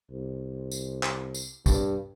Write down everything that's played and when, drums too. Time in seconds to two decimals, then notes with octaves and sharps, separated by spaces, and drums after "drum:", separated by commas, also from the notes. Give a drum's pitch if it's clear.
0.11 C2
0.72 drum: tambourine
1.03 drum: clap
1.34 drum: tambourine
1.66 G2, drum: kick, tambourine